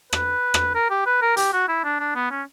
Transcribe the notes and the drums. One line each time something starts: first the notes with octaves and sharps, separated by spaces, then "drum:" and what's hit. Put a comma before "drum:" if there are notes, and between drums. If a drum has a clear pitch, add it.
B4, drum: rim click
drum: rim click
A#4
G4
B4
A#4
G4, drum: hi-hat
F#4
E4
D4
D4
B3
C#4